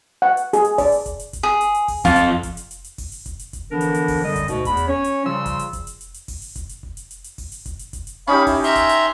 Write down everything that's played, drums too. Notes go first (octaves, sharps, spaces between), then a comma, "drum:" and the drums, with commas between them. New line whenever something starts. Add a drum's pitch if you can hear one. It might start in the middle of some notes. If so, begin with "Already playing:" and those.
F#5
drum: hi-hat
G#4, drum: hi-hat
drum: hi-hat
D5, drum: kick F1, open hi-hat
drum: hi-hat
drum: kick F1, hi-hat
drum: hi-hat
drum: kick F1, hi-hat
G#4
drum: hi-hat
drum: hi-hat
drum: kick F1, open hi-hat
F2 F4, drum: hi-hat
drum: kick F1, hi-hat
drum: kick F1, hi-hat
drum: hi-hat
drum: hi-hat
drum: hi-hat
drum: kick F1, open hi-hat
drum: hi-hat
drum: kick F1, hi-hat
drum: hi-hat
drum: kick F1, hi-hat
D3 E3 F3 B3 D4 A#4
drum: hi-hat
drum: hi-hat
drum: kick F1, open hi-hat
F#2 D3 G3 D#5
drum: kick F1, hi-hat
D2 G#2 B2, drum: hi-hat
E2 B5, drum: kick F1, hi-hat
drum: hi-hat
C#4 C#5
drum: hi-hat
C#3 F3 G3 F4 C6 E6
drum: kick F1, hi-hat
drum: hi-hat
drum: kick F1, hi-hat
drum: hi-hat
drum: hi-hat
drum: hi-hat
drum: kick F1, open hi-hat
drum: hi-hat
drum: kick F1, hi-hat
drum: hi-hat
drum: kick F1
drum: hi-hat
drum: hi-hat
drum: hi-hat
drum: kick F1, open hi-hat
drum: hi-hat
drum: kick F1, hi-hat
drum: hi-hat
drum: kick F1, hi-hat
drum: hi-hat
C#4 D#4 G4 F5 B5
E4, drum: kick F1, open hi-hat
E5 A#5 C6, drum: hi-hat
drum: kick F1, hi-hat
drum: hi-hat